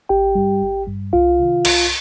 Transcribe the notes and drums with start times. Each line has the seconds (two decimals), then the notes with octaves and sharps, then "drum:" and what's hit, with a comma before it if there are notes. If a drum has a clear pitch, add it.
0.09 G#1 G4 G5
0.35 G2 G3
0.62 G#1
0.87 G2 G3
1.13 C2 F4 F5
1.39 C3 D#3
1.65 C2, drum: cymbal